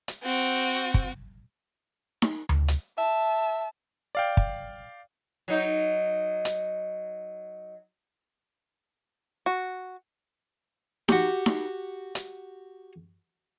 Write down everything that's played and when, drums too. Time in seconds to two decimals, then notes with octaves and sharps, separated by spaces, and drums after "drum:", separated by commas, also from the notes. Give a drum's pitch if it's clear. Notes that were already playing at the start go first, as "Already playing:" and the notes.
0.08 drum: hi-hat
0.23 C4 F#4
0.94 drum: kick
2.22 drum: snare D#4
2.49 drum: tom D2
2.68 drum: hi-hat
2.98 E5 A5
4.15 D5 F5 G5
4.37 drum: kick
5.48 F#3 D#4
6.45 drum: hi-hat
9.46 F#4
11.09 F#4 G4, drum: snare D#4
11.46 drum: snare D#4
12.15 drum: hi-hat